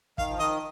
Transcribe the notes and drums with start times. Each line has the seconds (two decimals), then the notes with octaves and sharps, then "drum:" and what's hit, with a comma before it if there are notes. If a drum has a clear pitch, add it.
0.18 D#3 F5, drum: kick
0.29 F3
0.39 D#3 D#5